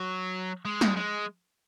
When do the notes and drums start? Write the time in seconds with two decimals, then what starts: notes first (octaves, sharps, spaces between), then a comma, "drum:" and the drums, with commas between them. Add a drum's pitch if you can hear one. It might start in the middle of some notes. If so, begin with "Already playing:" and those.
Already playing: F#3
0.65 G#3
0.81 drum: snare
0.96 G#3